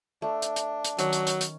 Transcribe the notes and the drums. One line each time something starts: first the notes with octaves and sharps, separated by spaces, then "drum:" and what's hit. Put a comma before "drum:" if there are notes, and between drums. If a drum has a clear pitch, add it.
A3 D4
drum: hi-hat
drum: hi-hat
drum: hi-hat
D#3 F#3 C#4, drum: hi-hat
drum: hi-hat
drum: hi-hat
drum: hi-hat